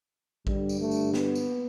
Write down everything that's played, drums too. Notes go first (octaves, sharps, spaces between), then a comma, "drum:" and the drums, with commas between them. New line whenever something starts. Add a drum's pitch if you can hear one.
G2 D3 G3, drum: kick A1
drum: tambourine
A3
drum: tambourine
B3, drum: snare
drum: tambourine